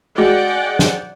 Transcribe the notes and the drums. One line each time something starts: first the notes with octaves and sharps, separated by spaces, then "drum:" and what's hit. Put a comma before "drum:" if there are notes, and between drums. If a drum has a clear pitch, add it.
G#3 F#4 D5 F#5 G5
drum: snare